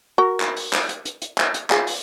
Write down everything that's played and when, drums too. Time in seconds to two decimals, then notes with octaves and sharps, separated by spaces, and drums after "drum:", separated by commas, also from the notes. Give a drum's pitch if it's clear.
0.18 F#4 A#4
0.40 drum: clap
0.57 drum: open hi-hat
0.73 drum: clap
0.89 drum: hi-hat
1.05 drum: hi-hat
1.22 drum: hi-hat
1.38 drum: clap
1.54 drum: hi-hat
1.70 F4 G#4, drum: clap
1.87 drum: open hi-hat